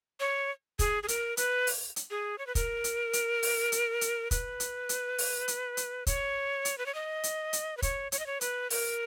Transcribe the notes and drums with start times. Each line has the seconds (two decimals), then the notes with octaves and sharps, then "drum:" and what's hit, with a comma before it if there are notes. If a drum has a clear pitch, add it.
0.20 C#5
0.79 G#4, drum: kick, hi-hat
1.03 G#4
1.08 A#4, drum: hi-hat
1.37 B4, drum: hi-hat
1.67 drum: open hi-hat
1.96 drum: hi-hat
2.11 G#4
2.38 C#5
2.47 B4
2.55 A#4, drum: kick, hi-hat
2.84 drum: hi-hat
3.13 drum: hi-hat
3.43 drum: open hi-hat
3.72 drum: hi-hat
4.01 drum: hi-hat
4.31 B4, drum: kick, hi-hat
4.60 drum: hi-hat
4.89 drum: hi-hat
5.18 drum: open hi-hat
5.48 drum: hi-hat
5.77 drum: hi-hat
6.07 C#5, drum: kick, hi-hat
6.65 drum: hi-hat
6.78 B4
6.86 C#5
6.95 D#5
7.24 drum: hi-hat
7.53 drum: hi-hat
7.77 B4
7.82 C#5, drum: kick, hi-hat
8.12 C#5, drum: hi-hat
8.19 D#5
8.26 C#5
8.41 B4, drum: hi-hat
8.70 A#4, drum: open hi-hat